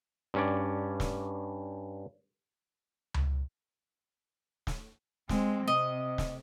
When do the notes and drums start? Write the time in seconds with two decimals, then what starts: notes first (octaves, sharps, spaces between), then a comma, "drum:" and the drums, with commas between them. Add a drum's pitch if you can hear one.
0.34 G2 C#4 D5
1.00 drum: snare
3.14 drum: tom C#2
4.67 drum: snare
5.29 G#3 C4, drum: snare
5.68 C3 D#5
6.18 drum: snare